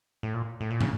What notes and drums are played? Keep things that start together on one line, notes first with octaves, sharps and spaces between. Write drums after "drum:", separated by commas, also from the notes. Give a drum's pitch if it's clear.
A2
A#2
A2
A#2
C#3, drum: tom